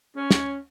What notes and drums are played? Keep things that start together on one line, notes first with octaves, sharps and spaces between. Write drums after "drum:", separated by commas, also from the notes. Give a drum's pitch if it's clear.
C#4
drum: snare